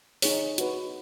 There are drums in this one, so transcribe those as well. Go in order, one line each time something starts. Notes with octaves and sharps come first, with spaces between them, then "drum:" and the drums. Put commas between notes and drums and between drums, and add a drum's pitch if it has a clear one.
D#4 G#4 C#5, drum: open hi-hat
F#4 B4, drum: hi-hat